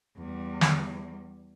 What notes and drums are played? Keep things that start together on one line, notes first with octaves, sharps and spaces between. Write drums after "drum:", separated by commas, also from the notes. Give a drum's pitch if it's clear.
E2 G3
drum: snare